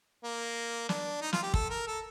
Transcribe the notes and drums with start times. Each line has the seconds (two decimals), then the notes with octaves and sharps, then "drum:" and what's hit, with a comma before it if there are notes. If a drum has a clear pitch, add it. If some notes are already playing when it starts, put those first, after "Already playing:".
0.24 A#3
0.89 D4, drum: snare
1.21 D#4
1.33 F4, drum: snare
1.43 G4
1.54 A4, drum: kick
1.70 A#4
1.87 A4